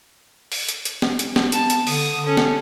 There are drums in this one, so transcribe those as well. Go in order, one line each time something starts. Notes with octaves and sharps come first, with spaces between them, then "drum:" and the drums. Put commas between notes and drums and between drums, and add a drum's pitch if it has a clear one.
drum: open hi-hat
drum: hi-hat
drum: hi-hat
drum: snare
drum: hi-hat
drum: snare
B3 A5, drum: hi-hat
drum: hi-hat
D3 D#6, drum: open hi-hat
C#4 A4
drum: snare